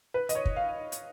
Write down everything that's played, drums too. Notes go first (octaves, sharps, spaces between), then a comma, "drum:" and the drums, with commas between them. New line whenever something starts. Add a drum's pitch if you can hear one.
B4
D#5, drum: hi-hat
C#5
drum: kick
F5
drum: hi-hat